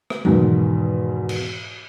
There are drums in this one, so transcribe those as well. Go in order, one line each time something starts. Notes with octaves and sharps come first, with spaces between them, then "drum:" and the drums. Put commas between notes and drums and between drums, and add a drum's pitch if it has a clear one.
drum: rim click
E2 G#2 B2 D#3, drum: tom F#3
drum: cymbal